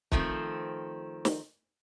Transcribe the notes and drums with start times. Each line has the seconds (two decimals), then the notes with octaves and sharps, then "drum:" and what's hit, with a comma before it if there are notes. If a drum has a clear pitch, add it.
0.12 D#3 F3 A3 C4, drum: kick
1.25 drum: snare